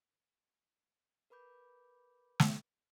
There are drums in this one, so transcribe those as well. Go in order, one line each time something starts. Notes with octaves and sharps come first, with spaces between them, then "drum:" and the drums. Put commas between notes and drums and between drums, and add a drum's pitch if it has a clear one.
A#4 B4 B5 D6 G6
drum: snare